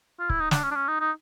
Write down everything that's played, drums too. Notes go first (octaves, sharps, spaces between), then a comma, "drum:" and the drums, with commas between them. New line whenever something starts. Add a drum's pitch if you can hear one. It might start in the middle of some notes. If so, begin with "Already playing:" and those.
F4
E4, drum: kick C#1
D#4
D4, drum: snare
C#4
D4
C#4
D#4
D#4